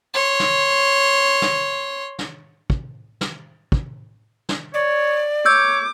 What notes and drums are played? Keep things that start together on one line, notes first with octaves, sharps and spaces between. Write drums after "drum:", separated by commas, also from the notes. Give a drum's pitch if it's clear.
C#5 C6
drum: snare
drum: snare
drum: snare
drum: kick
drum: snare
drum: kick
drum: snare
C#5 D5
C#5 D6 E6 G6